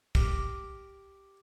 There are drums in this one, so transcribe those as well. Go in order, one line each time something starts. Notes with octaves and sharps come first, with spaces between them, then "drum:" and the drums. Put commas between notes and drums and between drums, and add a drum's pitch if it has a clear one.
G4 A#4 D6, drum: kick